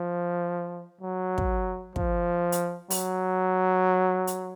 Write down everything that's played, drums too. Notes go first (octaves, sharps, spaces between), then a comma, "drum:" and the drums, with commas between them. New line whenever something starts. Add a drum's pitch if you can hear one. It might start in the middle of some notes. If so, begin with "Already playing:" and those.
Already playing: F3
F#3
drum: kick
F3, drum: kick
drum: hi-hat
F#3, drum: open hi-hat
drum: hi-hat